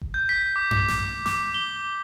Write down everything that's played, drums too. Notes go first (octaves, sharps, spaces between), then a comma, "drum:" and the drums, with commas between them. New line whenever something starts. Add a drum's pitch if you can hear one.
drum: kick F#1
G6
B6
D6
D6, drum: tom F#2
drum: snare
D6, drum: snare
G7